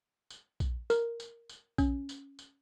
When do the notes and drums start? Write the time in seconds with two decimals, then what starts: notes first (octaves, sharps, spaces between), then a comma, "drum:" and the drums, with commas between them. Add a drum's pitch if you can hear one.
0.30 drum: tambourine
0.60 drum: kick A#1, tambourine
0.90 A#4, drum: tambourine
1.20 drum: tambourine
1.49 drum: tambourine
1.78 C#4, drum: kick A#1, tambourine
2.09 drum: tambourine
2.39 drum: tambourine